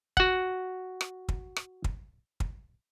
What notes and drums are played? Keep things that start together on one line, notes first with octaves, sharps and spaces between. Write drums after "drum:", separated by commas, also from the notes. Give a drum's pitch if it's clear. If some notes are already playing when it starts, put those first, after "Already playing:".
F#4 F#5, drum: kick
drum: rim click
drum: kick
drum: rim click
drum: kick
drum: kick